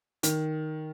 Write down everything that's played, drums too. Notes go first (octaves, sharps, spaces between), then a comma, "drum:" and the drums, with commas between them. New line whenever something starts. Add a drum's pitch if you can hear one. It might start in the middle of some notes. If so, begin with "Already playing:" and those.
D#3, drum: hi-hat